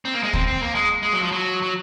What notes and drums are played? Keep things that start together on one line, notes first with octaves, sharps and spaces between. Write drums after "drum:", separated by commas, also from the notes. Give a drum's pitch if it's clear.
C4
A#3
G#3
C4, drum: kick D2
C4
A#3
G#3
G#3
F#3
F3
F#3
F#3